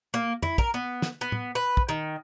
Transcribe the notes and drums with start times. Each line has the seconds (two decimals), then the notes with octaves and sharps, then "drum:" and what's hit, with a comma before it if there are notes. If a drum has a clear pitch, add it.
0.14 A#3
0.43 E4, drum: tom
0.58 A#4, drum: kick
0.74 B3
1.02 drum: snare
1.21 B3
1.32 drum: tom
1.55 B4
1.77 drum: kick
1.89 D#3